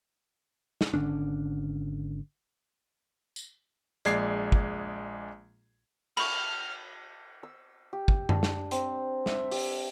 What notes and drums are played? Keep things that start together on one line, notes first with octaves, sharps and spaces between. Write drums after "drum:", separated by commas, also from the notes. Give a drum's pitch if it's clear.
drum: snare
G#1 D3 C#4 D4
drum: tambourine
A#1 G#3 D5 G#6 C7, drum: hi-hat
drum: kick
B5 C#6 F6, drum: cymbal
E6
G4
drum: kick
D4, drum: tom F#2
drum: snare
C4, drum: hi-hat
E5, drum: snare
G4, drum: open hi-hat